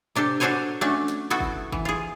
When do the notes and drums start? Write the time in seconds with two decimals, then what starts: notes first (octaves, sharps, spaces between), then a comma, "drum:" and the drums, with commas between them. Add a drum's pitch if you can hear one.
0.15 C3 D4 G4 A4
0.40 D4 F#4 A4 C5 C#5 G#5
0.81 A3 C#4 D4 F#4
1.08 drum: snare
1.30 B3 E4 F#4 A4
1.40 drum: kick
1.72 E3, drum: kick
1.85 F4 G#4